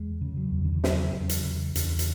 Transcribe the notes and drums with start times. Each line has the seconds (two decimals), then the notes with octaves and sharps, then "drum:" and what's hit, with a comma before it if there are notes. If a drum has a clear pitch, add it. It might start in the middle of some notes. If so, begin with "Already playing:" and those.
Already playing: E2 G#3
0.21 C#3
0.37 F#3
0.52 E2
0.65 D3
0.74 E3
0.84 C#3 F#3, drum: snare
1.14 E2
1.29 drum: hi-hat
1.45 C#3
1.75 E2 D4, drum: hi-hat
1.99 drum: hi-hat